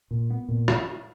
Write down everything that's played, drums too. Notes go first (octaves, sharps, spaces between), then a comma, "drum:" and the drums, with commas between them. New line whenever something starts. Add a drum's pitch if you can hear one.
A#2
B3
A#2
drum: rim click